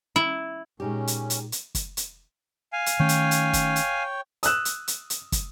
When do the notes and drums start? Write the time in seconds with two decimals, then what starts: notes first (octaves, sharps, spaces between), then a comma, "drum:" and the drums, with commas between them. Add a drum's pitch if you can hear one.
0.16 E4
0.80 A#2 G#3 C#4 D#4 G4
1.07 drum: hi-hat
1.30 drum: hi-hat
1.52 drum: hi-hat
1.75 drum: kick, hi-hat
1.97 drum: hi-hat
2.73 F5 G#5
2.86 drum: hi-hat
3.00 D#3 A3 C#4 C#5 G5
3.09 drum: hi-hat
3.31 drum: hi-hat
3.53 drum: kick, hi-hat
3.76 drum: hi-hat
4.43 D#6 E6 F#6 E7, drum: hi-hat
4.65 drum: hi-hat
4.88 drum: hi-hat
5.10 drum: hi-hat
5.32 drum: kick, hi-hat